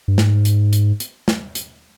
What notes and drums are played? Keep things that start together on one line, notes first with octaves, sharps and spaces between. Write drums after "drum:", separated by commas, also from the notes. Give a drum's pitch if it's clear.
G2
G#2, drum: snare
drum: hi-hat
drum: hi-hat
drum: hi-hat
drum: snare
drum: hi-hat